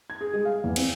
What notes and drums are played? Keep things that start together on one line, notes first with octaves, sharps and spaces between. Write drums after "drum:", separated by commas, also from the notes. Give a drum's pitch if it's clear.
G#6
G#4
G#3
F5
E2
C4, drum: cymbal